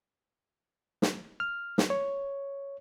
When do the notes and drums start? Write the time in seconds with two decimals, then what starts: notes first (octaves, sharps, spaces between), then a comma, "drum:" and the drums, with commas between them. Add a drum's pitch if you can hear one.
1.02 drum: snare
1.40 F6
1.78 drum: snare
1.90 C#5